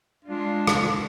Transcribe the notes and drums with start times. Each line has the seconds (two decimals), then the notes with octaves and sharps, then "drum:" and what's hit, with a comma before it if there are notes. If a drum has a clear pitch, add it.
0.25 G#3 D4 F4
0.67 drum: rim click